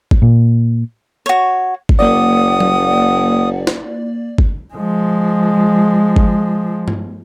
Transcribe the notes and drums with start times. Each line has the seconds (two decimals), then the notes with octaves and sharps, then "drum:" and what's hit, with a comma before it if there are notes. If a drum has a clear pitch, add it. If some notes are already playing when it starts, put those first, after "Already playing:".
0.11 drum: kick G1
0.22 A#2
1.26 F#4 C#5
1.89 drum: kick G1
1.99 F#1 A#3 D5 F#5 D#6
2.60 drum: tom F#3
3.67 drum: snare
4.38 drum: kick G1
4.74 F3 G#3
6.16 drum: kick G1
6.88 drum: tom G2